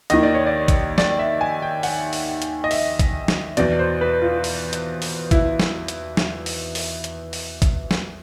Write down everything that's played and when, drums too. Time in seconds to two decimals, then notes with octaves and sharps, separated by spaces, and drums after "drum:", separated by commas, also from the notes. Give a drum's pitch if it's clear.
0.10 D#2 D#3 D#5, drum: hi-hat
0.23 D5
0.34 C#5
0.46 D5
0.68 drum: kick A1, hi-hat
0.98 D5, drum: snare
1.19 E5
1.41 G#5
1.62 G5
1.83 F#5, drum: open hi-hat
2.13 drum: open hi-hat
2.42 drum: hi-hat
2.64 D#5
2.71 E5, drum: open hi-hat
2.99 drum: kick A1, hi-hat
3.28 drum: snare
3.57 E2 B2 D5, drum: hi-hat
3.79 C5
4.01 B4
4.22 F4
4.44 drum: open hi-hat
4.73 drum: hi-hat
5.02 drum: open hi-hat
5.31 E4, drum: kick A1, hi-hat
5.60 drum: snare
5.88 drum: hi-hat
6.17 drum: snare
6.46 drum: open hi-hat
6.75 drum: open hi-hat
7.04 drum: hi-hat
7.33 drum: open hi-hat
7.62 drum: kick A1, hi-hat
7.91 drum: snare